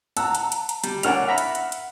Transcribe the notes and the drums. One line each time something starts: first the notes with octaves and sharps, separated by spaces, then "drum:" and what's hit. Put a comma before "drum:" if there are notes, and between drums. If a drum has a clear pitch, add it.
F#5 A5 A#5 E6, drum: hi-hat
drum: hi-hat
drum: hi-hat
drum: hi-hat
G3, drum: hi-hat
A#3 C#4 D4 F#5 F6 F7, drum: hi-hat
E5 A#5 B5
drum: hi-hat
drum: hi-hat
drum: hi-hat